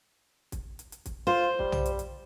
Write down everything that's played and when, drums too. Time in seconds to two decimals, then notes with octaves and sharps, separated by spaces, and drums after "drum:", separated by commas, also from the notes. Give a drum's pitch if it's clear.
0.52 drum: kick, hi-hat
0.79 drum: hi-hat
0.92 drum: hi-hat
1.06 drum: kick, hi-hat
1.27 F4 C5
1.59 G3, drum: kick
1.72 drum: tom
1.86 drum: hi-hat
1.99 drum: hi-hat